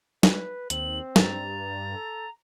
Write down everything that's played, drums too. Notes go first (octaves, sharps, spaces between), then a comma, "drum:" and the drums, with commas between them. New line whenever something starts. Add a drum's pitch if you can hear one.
B4, drum: snare
D#2 C4 F#7, drum: hi-hat
G2 A#5 A6, drum: snare
A4